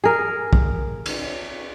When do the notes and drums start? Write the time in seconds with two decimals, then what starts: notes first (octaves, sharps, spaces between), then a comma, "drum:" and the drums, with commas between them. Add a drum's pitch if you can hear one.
0.04 G#4 A#4
0.53 drum: kick
1.06 drum: cymbal